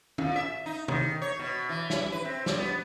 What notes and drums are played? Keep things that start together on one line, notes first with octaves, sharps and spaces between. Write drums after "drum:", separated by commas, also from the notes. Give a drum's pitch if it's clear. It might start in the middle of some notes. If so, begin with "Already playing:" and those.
A#2, drum: tom
E5
D#4
D#3, drum: tom
C#5
B2
E3
E4, drum: snare
B4
C4
drum: snare
B3